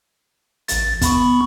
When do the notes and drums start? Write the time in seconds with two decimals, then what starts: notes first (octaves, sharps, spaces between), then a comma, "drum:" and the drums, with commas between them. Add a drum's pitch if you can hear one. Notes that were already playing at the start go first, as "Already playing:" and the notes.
0.68 A1 A6, drum: hi-hat
1.02 B3 B5 C#6, drum: kick, hi-hat